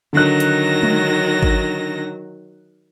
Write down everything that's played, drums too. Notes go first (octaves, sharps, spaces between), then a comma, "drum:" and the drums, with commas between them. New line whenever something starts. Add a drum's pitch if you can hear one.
D3 D#3 F#3 F#6 A#6
drum: hi-hat
drum: tom G#3
drum: kick G#1